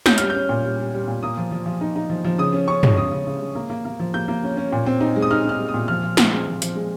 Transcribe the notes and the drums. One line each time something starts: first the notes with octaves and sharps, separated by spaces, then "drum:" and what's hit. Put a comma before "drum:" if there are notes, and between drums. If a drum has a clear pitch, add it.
C#4 G6, drum: snare G#3
G3 F6, drum: hi-hat
G6
C#4
A#2
G3
G3
G3
A#2
A#3 D#6
F3
F3
F3
D#4
D#4
F3
F3
C#3 D#6
C#4
C#4 C#6
G#3, drum: tom
C#3 D#6
C#3
C#3
G#3
A#3
A#3
A#3
F3
A#3 G6
A#3
C#4
C#4
A#2
C4
D#4
G#3
D#6
D#4 F6
D#4 F6
G#3
D#6
A#2
F3 F6
F3
C4, drum: snare G#3
G#3
F3
F3, drum: hi-hat
G#3